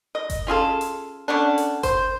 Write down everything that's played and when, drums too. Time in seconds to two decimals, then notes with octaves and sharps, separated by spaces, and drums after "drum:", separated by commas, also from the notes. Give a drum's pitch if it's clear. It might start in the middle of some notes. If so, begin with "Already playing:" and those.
0.15 D#5
0.30 drum: kick G1, hi-hat
0.47 C#4 F4 G#4 A4
0.81 drum: hi-hat
1.28 D3 B3 C#4 D4
1.58 drum: hi-hat
1.83 C5, drum: kick G1, hi-hat